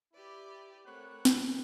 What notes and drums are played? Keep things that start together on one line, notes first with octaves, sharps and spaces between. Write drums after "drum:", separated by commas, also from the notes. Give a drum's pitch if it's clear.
E4 G4 B4 D5
A3 C4 A#4 C#5 F#5 B5 F#6
drum: snare